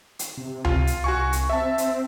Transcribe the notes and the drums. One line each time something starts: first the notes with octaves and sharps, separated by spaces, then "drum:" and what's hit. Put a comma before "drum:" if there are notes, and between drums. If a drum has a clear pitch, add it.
drum: hi-hat
C3
F4, drum: tom C#2
drum: hi-hat
C2 F#4 G#5 C#6
drum: hi-hat
C4 E5 A5
drum: hi-hat